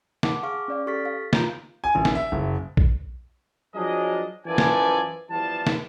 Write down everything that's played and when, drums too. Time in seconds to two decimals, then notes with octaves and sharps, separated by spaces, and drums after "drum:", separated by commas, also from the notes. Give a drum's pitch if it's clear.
0.23 F#5 A5 D6, drum: snare
0.43 G#4 F5 C#6 D6 F6
0.68 C#4 D5 F5
0.87 G4 A4 C#6 F6 A6 B6
1.05 F5
1.33 F4 A#5 G6, drum: snare
1.84 G#5
1.95 A1
2.05 drum: snare
2.15 E5
2.32 F#1
2.77 drum: kick A#1
3.75 F3 F#3 D4 G#4 A#4 D#5
4.47 F#2 E3 F3 A4 D5 G#5
4.58 drum: snare
5.31 E2 E3 F3 G3 F4 A5
5.67 drum: snare